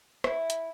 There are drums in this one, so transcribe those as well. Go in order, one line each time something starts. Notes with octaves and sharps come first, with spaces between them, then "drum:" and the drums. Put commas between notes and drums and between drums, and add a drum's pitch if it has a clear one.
E4, drum: rim click
drum: hi-hat